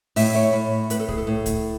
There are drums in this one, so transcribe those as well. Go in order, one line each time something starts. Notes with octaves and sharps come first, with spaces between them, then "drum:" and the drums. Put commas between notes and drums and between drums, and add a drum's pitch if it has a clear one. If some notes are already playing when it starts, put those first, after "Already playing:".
A2 E5, drum: open hi-hat
C#5
A2
A2 B4, drum: hi-hat
A4
G#4, drum: kick C2
A4
A2
drum: kick C2, hi-hat